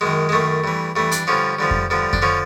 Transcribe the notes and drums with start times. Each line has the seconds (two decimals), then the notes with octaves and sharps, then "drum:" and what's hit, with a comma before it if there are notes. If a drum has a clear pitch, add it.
0.01 F#2 D#3 G#3
0.29 G#3
0.32 F#2 D#3 A3
0.64 G2 E3
0.96 G2 E3 A3
1.12 D4, drum: hi-hat
1.27 G2 D3 F3 C#4
1.59 G2 D3 F3
1.71 drum: kick F2
1.90 G2 D3 F3
2.13 D4, drum: kick F2
2.22 D3 F3 C#4